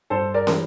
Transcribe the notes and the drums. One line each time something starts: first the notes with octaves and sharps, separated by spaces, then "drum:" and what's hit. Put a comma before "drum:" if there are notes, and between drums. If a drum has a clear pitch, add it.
G2 A4 C5
A#4 D5
E3 G3, drum: snare